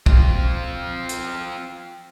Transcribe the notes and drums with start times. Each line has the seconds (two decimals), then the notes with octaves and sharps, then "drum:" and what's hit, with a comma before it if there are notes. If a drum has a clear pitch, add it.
0.06 C4 F4, drum: kick
1.09 drum: hi-hat